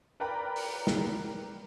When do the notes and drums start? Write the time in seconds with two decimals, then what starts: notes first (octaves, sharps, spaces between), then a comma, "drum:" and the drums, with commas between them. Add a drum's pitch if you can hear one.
0.20 A#4 B4 D5 G5 A#5 B5
0.56 drum: open hi-hat
0.87 drum: snare